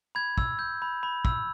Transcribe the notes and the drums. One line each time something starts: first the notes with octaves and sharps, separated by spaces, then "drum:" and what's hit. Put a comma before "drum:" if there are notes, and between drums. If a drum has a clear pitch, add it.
B5 G#6
E6, drum: kick
G6
B5
B5
E6, drum: kick